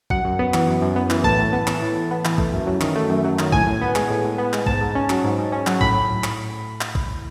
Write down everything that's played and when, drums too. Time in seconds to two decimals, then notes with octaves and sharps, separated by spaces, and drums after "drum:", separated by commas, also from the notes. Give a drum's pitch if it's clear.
0.10 F#2 F#5, drum: kick
0.24 F#2
0.39 B3
0.54 E3, drum: clap
0.68 F#2
0.82 F#2
0.96 B3
1.10 E3, drum: clap
1.24 A2 A5, drum: kick
1.39 A2
1.53 B3
1.67 E3, drum: clap
1.82 A2
1.96 A2
2.11 B3
2.25 E3, drum: clap
2.38 A3, drum: kick
2.53 F#2
2.67 F#3
2.81 D#3, drum: clap
2.95 A3
3.10 F#2
3.24 F#3
3.39 D#3, drum: clap
3.52 A2 G#5, drum: kick
3.67 A2
3.81 B3
3.96 G#3, drum: clap
4.10 A2
4.24 A2
4.38 B3
4.53 G#3, drum: clap
4.66 G#2 A5, drum: kick
4.81 G#2
4.95 C#4
5.10 F#3, drum: clap
5.24 G#2
5.38 G#2
5.52 C#4
5.67 F#3, drum: clap
5.81 A2 B5, drum: kick
6.24 drum: clap
6.81 drum: clap
6.95 drum: kick